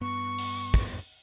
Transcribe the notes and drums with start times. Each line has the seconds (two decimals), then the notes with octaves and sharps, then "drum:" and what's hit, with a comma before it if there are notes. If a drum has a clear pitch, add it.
0.01 G2 B3 C#6
0.39 drum: open hi-hat
0.74 drum: kick